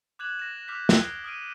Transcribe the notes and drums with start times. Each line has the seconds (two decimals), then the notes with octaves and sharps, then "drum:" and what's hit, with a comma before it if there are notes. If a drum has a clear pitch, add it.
0.19 D6 F#6 G#6 E7 F#7
0.39 A#6 E7
0.68 D6 F6 G6 B6
0.89 D#6 F#6 C7 D7 G7, drum: snare
1.24 D#6 F6 D7 D#7